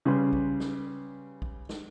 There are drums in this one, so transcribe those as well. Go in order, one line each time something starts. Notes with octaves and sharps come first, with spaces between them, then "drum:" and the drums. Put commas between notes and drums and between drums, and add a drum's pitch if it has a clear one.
C#3 G3 B4 C6
drum: kick
drum: snare
drum: kick
drum: snare